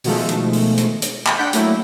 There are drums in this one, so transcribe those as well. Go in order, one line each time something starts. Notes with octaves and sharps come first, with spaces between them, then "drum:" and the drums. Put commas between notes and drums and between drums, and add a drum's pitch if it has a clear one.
B2 D#3 F3 G#3 A3, drum: open hi-hat
drum: hi-hat
drum: open hi-hat
drum: hi-hat
drum: hi-hat
drum: clap
D4 F#5 G5 G6 B6
F#3 A3 A#3 E4, drum: hi-hat